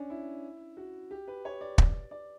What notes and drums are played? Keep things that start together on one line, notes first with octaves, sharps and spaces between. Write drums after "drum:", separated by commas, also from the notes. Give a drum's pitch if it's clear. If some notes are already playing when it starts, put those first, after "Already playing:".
Already playing: C#4 D4
E4
F#4
G4
B4
C#5
D5
drum: kick
D5